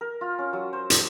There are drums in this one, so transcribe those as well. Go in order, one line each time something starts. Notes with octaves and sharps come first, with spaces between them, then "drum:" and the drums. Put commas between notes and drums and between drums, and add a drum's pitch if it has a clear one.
A#4
F4
C#4
F#3
C5
D6, drum: hi-hat